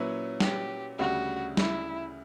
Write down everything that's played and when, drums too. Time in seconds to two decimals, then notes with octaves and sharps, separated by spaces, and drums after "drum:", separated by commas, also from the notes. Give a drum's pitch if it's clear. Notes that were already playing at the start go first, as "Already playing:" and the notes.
Already playing: A#2 F#3 C#4 E4 B4
0.40 G4, drum: snare
0.98 D2 C#3 G3 F#4
1.57 E4, drum: snare